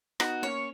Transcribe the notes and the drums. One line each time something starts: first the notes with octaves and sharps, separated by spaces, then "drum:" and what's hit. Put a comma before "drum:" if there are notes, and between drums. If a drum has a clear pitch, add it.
B3 D#4 F#4, drum: rim click
A#3 C#4 C#5